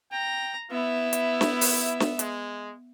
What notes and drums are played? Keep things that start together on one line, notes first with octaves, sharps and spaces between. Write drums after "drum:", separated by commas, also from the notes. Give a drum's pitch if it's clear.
G5 A#5
B3 E4 E5
drum: hi-hat
drum: snare
drum: open hi-hat
drum: snare
G#3, drum: hi-hat